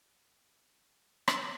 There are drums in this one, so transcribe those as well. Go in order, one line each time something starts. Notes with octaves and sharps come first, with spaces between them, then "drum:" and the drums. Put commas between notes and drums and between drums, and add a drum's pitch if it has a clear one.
C#4 A4 B4 C#5 F5
drum: rim click